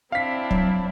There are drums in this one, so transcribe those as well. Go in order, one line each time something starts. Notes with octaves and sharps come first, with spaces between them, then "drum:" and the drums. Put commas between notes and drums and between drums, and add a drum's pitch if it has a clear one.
C4 D4 E4 F5 B6
F#3, drum: kick